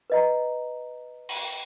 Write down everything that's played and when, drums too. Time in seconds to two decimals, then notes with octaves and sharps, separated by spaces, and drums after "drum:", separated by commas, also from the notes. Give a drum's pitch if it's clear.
0.10 B4 D#5 A#5
1.29 drum: open hi-hat